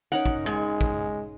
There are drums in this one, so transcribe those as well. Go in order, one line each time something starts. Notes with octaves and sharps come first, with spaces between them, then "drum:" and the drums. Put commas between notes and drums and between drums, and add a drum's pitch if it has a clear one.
C#4 D#4 A#4 F#5
drum: kick
G#2 G#3 G#5
drum: kick